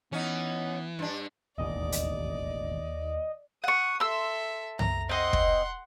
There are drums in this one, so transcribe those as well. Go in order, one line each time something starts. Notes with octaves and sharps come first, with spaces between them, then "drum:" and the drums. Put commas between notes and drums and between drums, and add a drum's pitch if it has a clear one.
E3 B3 C#4 D#4
G2 D4
E1 A1 D#2 D5 D#5
drum: hi-hat
F#5 C#6 D#6
A4 E5 C6 E6
A#5, drum: tom
C4 D#5 F#5 C6
drum: kick